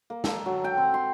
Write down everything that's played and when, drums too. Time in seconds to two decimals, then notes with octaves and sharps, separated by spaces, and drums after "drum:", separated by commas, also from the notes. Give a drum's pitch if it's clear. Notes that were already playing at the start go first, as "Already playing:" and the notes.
0.10 A#3
0.24 A4, drum: snare
0.46 F#3
0.64 G5
0.77 C4
0.94 C6